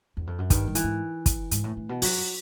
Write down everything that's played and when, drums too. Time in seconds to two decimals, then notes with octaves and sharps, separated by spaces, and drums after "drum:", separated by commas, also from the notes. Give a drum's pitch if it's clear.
0.17 E2
0.27 F2
0.38 F#2
0.50 G2 D#3, drum: kick, hi-hat
0.67 G2
0.75 E3, drum: hi-hat
0.84 G#2
1.26 drum: kick, hi-hat
1.51 G#2, drum: hi-hat
1.64 A2
1.77 A2
1.89 B2
2.02 F#2 F#3, drum: open hi-hat